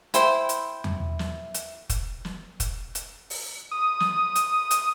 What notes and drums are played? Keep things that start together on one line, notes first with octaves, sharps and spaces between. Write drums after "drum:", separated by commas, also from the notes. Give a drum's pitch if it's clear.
E4 C5 G5 C6, drum: hi-hat
drum: hi-hat
drum: tom E2
drum: snare
drum: hi-hat
drum: kick, hi-hat
drum: snare
drum: kick, hi-hat
drum: hi-hat
drum: open hi-hat
D#6
drum: snare
drum: hi-hat
drum: hi-hat